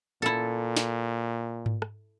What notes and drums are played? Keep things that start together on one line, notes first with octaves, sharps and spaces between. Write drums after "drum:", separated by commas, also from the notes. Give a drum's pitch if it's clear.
A#2 E4 A4
drum: snare
drum: tom G#2
drum: rim click